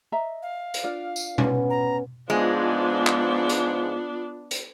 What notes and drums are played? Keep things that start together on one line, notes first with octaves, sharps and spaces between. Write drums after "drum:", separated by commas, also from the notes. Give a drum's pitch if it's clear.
D#5 E5 A#5
F5
drum: hi-hat
D4 F4 D5
drum: tambourine
B3 C#4, drum: tom B2
A#5
G#2 F3 G#3 B3 D4 F4 G#4
drum: clap
drum: hi-hat
drum: hi-hat